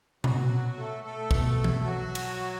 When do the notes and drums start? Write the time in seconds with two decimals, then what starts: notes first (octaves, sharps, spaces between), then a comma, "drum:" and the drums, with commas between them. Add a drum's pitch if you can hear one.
0.24 B2 F#3 F#4, drum: tom A#2
0.78 A3 A4
1.04 A3 A4
1.31 B2, drum: kick B1
1.64 drum: tom E3
1.84 F#3 F#4
2.15 drum: cymbal